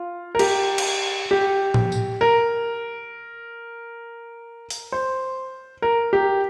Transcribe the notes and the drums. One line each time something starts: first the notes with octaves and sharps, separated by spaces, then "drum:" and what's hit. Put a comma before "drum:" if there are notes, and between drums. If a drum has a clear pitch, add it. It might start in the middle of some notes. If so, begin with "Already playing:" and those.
Already playing: F4
A#4
G4, drum: cymbal
drum: cymbal
G4
drum: tom A2
drum: tambourine
A#4
drum: open hi-hat
C5
A#4
G4